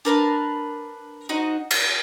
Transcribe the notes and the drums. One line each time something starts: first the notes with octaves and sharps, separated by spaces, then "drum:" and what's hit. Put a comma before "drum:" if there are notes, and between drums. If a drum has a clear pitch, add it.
D4 A#4 B4 A5
D#4 F#4 C5 D#5
F6, drum: cymbal